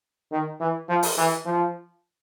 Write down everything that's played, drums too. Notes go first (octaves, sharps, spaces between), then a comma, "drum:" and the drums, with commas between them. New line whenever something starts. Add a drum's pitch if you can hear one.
D#3
E3
F3
drum: open hi-hat
E3
F3